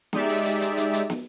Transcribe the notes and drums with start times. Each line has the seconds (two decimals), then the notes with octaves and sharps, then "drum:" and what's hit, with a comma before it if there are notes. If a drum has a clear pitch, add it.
0.13 G#3 D#4 G4 D5 E5, drum: snare
0.29 drum: open hi-hat
0.45 drum: hi-hat
0.61 drum: hi-hat
0.77 drum: hi-hat
0.93 drum: hi-hat
1.10 drum: snare